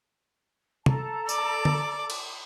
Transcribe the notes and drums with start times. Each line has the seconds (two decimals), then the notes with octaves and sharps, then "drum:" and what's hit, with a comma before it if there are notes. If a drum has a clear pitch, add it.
0.86 A4 A5 A#5, drum: tom
1.29 D5 D6, drum: tambourine
1.65 drum: tom
2.10 drum: cymbal